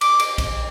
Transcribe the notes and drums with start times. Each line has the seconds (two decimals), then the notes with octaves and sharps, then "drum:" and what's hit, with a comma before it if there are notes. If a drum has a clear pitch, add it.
0.01 D6, drum: cymbal
0.20 drum: cymbal
0.38 drum: kick A#1, cymbal